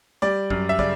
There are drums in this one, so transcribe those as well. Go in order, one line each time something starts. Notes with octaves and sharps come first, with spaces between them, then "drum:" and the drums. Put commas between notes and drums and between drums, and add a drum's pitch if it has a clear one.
G3 D5
F#2, drum: kick
E5
C#3 D5, drum: kick